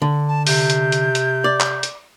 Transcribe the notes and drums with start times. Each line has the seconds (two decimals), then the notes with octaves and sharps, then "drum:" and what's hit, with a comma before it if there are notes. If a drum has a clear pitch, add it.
0.02 D3
0.28 A5
0.47 C3 G6, drum: open hi-hat
0.70 drum: hi-hat
0.92 drum: hi-hat
1.15 drum: hi-hat
1.44 D5
1.60 drum: clap
1.83 drum: hi-hat